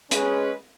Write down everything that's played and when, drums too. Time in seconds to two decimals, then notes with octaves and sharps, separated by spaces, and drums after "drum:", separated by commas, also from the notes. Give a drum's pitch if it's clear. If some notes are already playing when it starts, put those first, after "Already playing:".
0.11 G#3 C#4 G#4 B4, drum: hi-hat